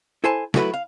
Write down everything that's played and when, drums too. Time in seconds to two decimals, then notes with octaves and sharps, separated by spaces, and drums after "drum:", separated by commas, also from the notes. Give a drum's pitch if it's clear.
0.24 E4 A4 C5 G#5 A5 C6
0.54 F#3 A3 E4 F#4 A4 B4, drum: snare
0.74 F5